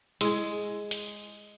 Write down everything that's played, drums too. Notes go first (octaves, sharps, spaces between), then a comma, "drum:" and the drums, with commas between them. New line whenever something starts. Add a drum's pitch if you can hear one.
G#3 E4 G#4, drum: hi-hat
drum: hi-hat